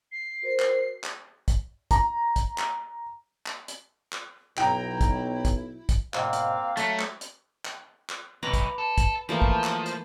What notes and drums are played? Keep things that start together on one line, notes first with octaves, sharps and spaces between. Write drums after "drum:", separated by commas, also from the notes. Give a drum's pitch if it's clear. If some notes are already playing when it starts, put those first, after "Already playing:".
C7
F#4 A#4 C5
drum: clap
drum: clap
drum: kick, hi-hat
A#5, drum: kick, hi-hat
drum: kick, hi-hat
drum: clap
drum: clap
drum: hi-hat
drum: clap
B1 E4 G5 A#5, drum: clap
drum: kick, hi-hat
drum: kick, hi-hat
drum: kick, hi-hat
E2 G#2 B2 A#3 C4 F5, drum: clap
drum: hi-hat
F#3 A3, drum: hi-hat
drum: clap
drum: hi-hat
drum: clap
drum: clap
B1 B4 A#5 D6
drum: kick, hi-hat
A4
drum: kick, hi-hat
E3 F3 A3 A#3
drum: kick
drum: clap
drum: hi-hat